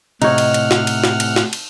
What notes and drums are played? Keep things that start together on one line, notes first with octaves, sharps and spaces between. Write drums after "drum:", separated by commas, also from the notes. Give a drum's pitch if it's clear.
A2 C3 D#4 C#5 F#5 F6, drum: cymbal
drum: cymbal
drum: cymbal
drum: snare
drum: cymbal
drum: snare
drum: cymbal
drum: snare
drum: cymbal